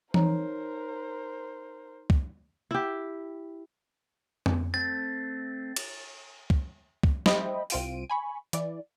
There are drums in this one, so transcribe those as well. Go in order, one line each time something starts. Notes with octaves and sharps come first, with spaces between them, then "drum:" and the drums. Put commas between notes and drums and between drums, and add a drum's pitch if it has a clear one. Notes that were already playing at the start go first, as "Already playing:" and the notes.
D#4 A#4 C5 C#5 A#5, drum: tom E3
drum: kick
E4 G4
drum: tom F2
A3 C4 A6
drum: cymbal
drum: kick
drum: kick
C5 D#5 E5 G5 B5, drum: snare
C2 C4 F4 D7 D#7, drum: open hi-hat
G#5 B5 C#6
E3 D5, drum: hi-hat